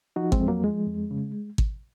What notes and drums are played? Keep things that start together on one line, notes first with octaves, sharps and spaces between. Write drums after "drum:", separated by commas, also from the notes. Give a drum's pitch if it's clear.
F3 D#4 F#4
G#3 C4, drum: kick
F2
F#3 A#3
F3 G#3
F2
C#3
drum: kick